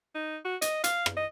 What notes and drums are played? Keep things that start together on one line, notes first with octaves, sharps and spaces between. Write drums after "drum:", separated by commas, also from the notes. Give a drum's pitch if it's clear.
D#4
F#4
D#5, drum: hi-hat
F5, drum: hi-hat
drum: rim click
D#5